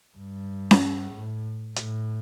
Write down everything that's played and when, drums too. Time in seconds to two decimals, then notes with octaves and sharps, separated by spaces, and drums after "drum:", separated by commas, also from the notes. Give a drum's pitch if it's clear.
0.17 G2
0.71 drum: snare C#4
1.13 A2
1.76 A2, drum: hi-hat